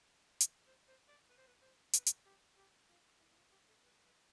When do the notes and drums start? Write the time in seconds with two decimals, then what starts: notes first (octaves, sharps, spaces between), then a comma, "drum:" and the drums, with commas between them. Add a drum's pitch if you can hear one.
0.40 drum: hi-hat
0.67 C5
0.88 C5
1.09 D5
1.30 B4
1.38 C5
1.47 B4
1.62 C5
1.93 B4, drum: hi-hat
2.06 drum: hi-hat
2.26 G4
2.57 G4
2.89 F4
3.20 E4
3.31 E4
3.37 F4
3.52 G4
3.68 A4
3.84 B4
4.05 B4